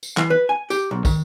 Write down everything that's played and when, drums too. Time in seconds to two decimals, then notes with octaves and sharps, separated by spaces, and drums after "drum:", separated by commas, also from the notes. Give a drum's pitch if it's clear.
0.03 drum: tambourine
0.17 E3, drum: clap
0.30 B4
0.49 G#5
0.70 G4, drum: tambourine
0.91 B1
1.05 D#3, drum: kick, tambourine